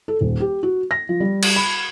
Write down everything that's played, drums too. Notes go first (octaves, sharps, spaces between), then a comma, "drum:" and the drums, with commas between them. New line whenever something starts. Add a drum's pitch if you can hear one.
A4
D#1
G4
F#4
A#6
F3
G3
drum: cymbal
B5